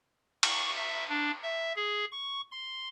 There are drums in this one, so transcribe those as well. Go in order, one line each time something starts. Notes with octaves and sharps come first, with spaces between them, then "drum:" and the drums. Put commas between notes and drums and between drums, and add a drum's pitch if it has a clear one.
C#6, drum: cymbal
E5
D4
E5
G#4
C#6
C6